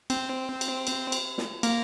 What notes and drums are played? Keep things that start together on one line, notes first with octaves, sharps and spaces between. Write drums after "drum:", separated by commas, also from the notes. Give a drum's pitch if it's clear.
C4, drum: cymbal
drum: cymbal
drum: cymbal
drum: cymbal
drum: snare
A#3, drum: cymbal